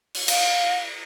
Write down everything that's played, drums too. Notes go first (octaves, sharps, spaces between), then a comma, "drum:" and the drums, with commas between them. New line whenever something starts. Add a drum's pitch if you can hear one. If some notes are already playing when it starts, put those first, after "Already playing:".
drum: open hi-hat
F5, drum: cymbal